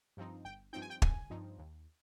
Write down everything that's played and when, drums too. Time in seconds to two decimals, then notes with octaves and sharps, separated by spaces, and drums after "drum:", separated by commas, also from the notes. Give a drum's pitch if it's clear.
0.17 G2 F3 C4 D#4
0.45 G1 G5
0.73 G2 F3 C4 D#4 G5
0.82 G#5
0.90 G5
1.02 G1 G#5, drum: kick
1.30 G2 F3 C4 D#4
1.58 D#2